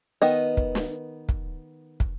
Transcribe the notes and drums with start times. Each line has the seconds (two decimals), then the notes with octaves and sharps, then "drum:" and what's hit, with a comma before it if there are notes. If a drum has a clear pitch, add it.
0.22 D#3 B3 D#5
0.57 drum: kick
0.75 drum: snare
1.29 drum: kick
2.00 drum: kick